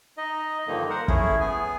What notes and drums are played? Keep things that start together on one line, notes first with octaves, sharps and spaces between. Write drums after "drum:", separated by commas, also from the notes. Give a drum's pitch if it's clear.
D#4 D#5
G2 D3 D#3 F3 A#3 D#4
A#4 C5 F#5
A3 C#4 E4 G#4, drum: kick
B3 G#4 G#5